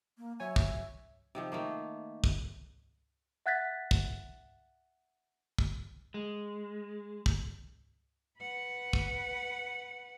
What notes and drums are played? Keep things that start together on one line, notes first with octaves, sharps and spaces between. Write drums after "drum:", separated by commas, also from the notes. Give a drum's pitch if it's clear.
A#3
F#3 C#5 E5 G#5
drum: kick
C3 D#3 F3
D#3 A3 A#3
drum: kick
E5 F#5 F#6 G#6 A6 B6
drum: kick
drum: kick
G#3
drum: kick
B4 F#5
drum: kick